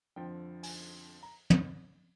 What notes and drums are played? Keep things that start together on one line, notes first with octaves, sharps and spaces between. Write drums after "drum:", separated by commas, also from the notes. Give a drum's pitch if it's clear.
F2 D3 F3 G5
G#5, drum: open hi-hat
A#5
drum: tom